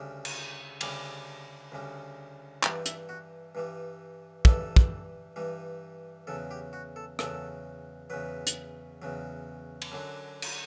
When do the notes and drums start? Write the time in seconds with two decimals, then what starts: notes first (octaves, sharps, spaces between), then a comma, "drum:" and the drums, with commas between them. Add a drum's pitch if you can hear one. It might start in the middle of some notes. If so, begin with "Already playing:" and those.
Already playing: D2 C#3 G3
0.25 drum: cymbal
0.81 D2 C#3 G3 G4, drum: cymbal
1.72 D2 C#3 G3
2.63 G2 E3 G3 G4, drum: clap
2.86 E4, drum: hi-hat
3.09 F#4
3.55 G2 E3 G3
4.45 G2 E3 G3 A4, drum: kick
4.76 drum: kick
5.36 G2 E3 G3
6.27 E2 C#3 F#3 A4
6.51 G4
6.73 F#4
6.96 A4
7.19 E2 C#3 F#3 A4, drum: rim click
8.10 E2 C#3 F#3 B4
8.47 drum: hi-hat
9.02 E2 C#3 F#3
9.82 drum: cymbal
9.92 F#2 D3 F#3
10.42 drum: cymbal